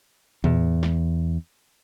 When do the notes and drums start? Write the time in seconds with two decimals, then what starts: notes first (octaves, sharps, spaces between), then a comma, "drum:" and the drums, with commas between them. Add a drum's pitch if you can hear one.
0.44 E2, drum: tom
0.83 drum: snare